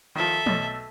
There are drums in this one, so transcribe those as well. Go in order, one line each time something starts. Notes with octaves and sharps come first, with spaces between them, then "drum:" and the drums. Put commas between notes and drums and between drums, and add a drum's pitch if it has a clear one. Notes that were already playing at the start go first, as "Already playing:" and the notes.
D#3 F3 A4 E5
B1 A3, drum: tom